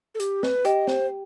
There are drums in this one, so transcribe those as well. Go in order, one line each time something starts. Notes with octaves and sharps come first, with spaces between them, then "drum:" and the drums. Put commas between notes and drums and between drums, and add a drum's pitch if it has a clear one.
A4
G4, drum: hi-hat
B4, drum: snare
G4 D#5 G5, drum: hi-hat
C5, drum: snare